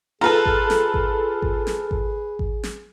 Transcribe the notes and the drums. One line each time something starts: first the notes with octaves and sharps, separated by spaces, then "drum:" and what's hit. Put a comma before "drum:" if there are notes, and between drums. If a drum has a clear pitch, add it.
F4 G#4 A4 B4 A#5
drum: kick G#1
drum: snare
drum: kick G#1
drum: kick G#1
drum: snare
drum: kick G#1
drum: kick G#1
drum: snare